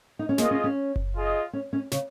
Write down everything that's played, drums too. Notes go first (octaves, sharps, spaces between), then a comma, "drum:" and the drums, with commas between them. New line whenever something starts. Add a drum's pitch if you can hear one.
D#4
C#4
A#3 F4 G#4 D#5, drum: snare
C#4
C#4
drum: kick F#1
F4 G#4 D#5
C#4
C#4
C#3, drum: snare